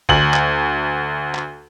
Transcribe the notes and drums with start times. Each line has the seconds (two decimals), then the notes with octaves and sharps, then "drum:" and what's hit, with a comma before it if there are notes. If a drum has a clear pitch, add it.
0.09 D2 F#7, drum: kick
0.34 drum: clap
1.35 drum: clap